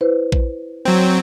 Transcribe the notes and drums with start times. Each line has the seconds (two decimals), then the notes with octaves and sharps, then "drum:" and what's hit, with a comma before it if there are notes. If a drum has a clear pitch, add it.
0.01 E4 B4 C5
0.32 drum: kick A#1
0.85 F#3 C4